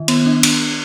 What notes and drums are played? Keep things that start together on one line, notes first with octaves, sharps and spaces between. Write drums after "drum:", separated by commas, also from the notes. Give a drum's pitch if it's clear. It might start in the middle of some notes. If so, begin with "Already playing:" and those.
Already playing: D#3
B3, drum: cymbal
D4
drum: cymbal